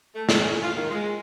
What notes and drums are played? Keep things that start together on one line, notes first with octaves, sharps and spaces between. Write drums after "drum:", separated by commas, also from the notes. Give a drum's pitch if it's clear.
A3
A2, drum: snare
C#4
F4
D#3
G#3